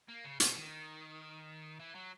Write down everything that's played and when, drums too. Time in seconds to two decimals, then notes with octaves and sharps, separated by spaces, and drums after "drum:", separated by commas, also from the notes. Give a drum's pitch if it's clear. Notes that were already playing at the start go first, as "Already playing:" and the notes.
0.08 A#3
0.24 C#3
0.40 B2, drum: hi-hat
0.55 D#3
1.80 E3
1.95 F#3